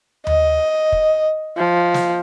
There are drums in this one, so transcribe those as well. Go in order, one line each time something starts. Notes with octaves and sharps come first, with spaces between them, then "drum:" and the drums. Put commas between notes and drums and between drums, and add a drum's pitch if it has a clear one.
D#5, drum: tom D#2
drum: kick
F3
drum: snare